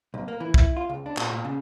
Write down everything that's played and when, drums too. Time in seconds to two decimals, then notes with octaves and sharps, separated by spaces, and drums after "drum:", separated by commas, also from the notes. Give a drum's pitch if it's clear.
0.14 B1
0.28 A#3
0.40 E3
0.54 E4, drum: kick
0.77 F4
0.89 C#2
1.06 D4
1.17 A#2, drum: clap
1.32 A#2
1.45 C#3